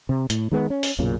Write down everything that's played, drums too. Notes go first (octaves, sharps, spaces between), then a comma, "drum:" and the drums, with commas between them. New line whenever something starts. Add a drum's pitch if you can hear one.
C3
A2, drum: hi-hat
D#3 G#3 B3
C#4
drum: open hi-hat
B1 F#2 A#2 C#3